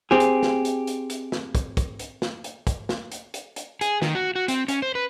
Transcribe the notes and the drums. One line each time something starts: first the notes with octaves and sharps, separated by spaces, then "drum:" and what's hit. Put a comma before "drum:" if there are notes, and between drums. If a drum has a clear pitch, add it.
C4 G4 G#4
drum: hi-hat
drum: snare
drum: hi-hat
drum: hi-hat
drum: hi-hat
drum: snare
drum: kick, hi-hat
drum: kick, hi-hat
drum: hi-hat
drum: snare
drum: hi-hat
drum: kick, hi-hat
drum: snare
drum: hi-hat
drum: hi-hat
drum: hi-hat
G#4, drum: hi-hat
D#3, drum: snare
F#4
F#4
C4, drum: hi-hat
C#4, drum: hi-hat
C5
B4